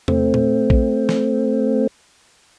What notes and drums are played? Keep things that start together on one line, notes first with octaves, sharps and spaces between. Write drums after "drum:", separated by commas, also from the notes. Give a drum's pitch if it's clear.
A3 C4, drum: tom E2
drum: tom A#2
drum: kick A#1
drum: snare